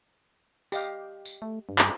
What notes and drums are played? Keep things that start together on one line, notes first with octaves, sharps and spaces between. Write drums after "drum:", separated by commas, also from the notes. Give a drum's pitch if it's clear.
G4 D#5 F5, drum: tambourine
drum: tambourine
A3
G2
drum: clap